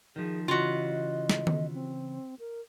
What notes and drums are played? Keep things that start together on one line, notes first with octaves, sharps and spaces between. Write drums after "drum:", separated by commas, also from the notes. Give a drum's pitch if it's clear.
D#3 F3 G#4
C#3 E3 F4 F#4 D#5
drum: snare
drum: tom D#3
C4
A#4